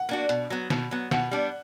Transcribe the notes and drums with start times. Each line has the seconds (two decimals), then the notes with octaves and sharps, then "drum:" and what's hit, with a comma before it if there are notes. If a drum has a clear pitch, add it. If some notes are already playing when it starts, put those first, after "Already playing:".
Already playing: F#5
0.09 A#3 D4 F#4
0.29 B2, drum: hi-hat
0.50 F#3 B3
0.70 B2, drum: snare
0.91 F#3 B3
1.11 B2 F#5, drum: snare
1.31 G3 B3 D4